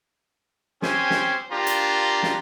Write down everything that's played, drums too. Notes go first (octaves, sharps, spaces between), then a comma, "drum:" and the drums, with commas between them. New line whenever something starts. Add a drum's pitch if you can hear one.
C4 C#4 G4 C5 G#5, drum: snare
drum: snare
A#3 D4 F4 G4 A#5
drum: hi-hat
drum: snare